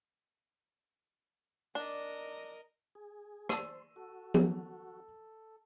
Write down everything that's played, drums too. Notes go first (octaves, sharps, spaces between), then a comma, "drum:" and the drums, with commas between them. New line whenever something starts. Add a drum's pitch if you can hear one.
D4 A#4 D#5
G#4
C5 D5 D#5 A5 E6 D#7, drum: rim click
F#4 A4
drum: tom F3